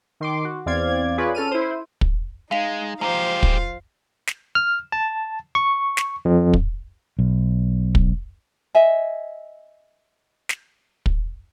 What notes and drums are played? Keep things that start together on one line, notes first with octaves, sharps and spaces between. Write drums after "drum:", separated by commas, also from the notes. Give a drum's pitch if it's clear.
D#3 C6 D6
F#4
E2 C4 D5 F5 G#6
F4 G#4 B4 C#5 D5
C#4 A4 F6 D#7
E4 C5
drum: kick
G#3 D#4 F5 B6 F7
F3 G#3 F4 G4 C5 F5 A#5
drum: kick
drum: snare
F6
A5
C#6
drum: snare
F2
drum: kick
B1
drum: kick
D#5 E5 G#5
drum: snare
drum: kick